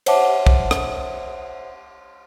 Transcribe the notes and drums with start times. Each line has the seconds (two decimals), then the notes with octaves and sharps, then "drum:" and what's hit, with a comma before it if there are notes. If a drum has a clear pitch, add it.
0.06 C5 C#5 E5 F#5 A5 D6, drum: cymbal
0.47 drum: kick
0.71 drum: rim click